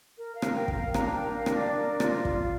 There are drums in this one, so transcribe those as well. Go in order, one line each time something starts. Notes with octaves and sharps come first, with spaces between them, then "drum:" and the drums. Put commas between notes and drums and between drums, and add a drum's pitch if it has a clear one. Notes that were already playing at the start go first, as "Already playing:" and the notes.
A#4
F5
A#4, drum: rim click
G5
A#4, drum: kick
F5
D4 A#5, drum: rim click
G5
A#4
F5
D4, drum: rim click
D5
A#4
F4, drum: rim click
F4, drum: kick